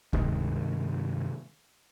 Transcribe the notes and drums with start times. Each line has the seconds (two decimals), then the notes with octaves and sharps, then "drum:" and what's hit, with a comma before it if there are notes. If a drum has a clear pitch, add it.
0.13 G2 C3 D#3 G#3, drum: kick D2